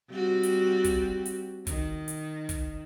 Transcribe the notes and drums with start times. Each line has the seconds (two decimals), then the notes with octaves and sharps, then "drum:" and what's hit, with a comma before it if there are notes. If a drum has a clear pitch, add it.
0.11 G3 C4 F#4
0.43 drum: hi-hat
0.84 drum: kick, hi-hat
1.26 drum: hi-hat
1.67 D#3, drum: kick, hi-hat
2.08 drum: hi-hat
2.49 drum: kick, hi-hat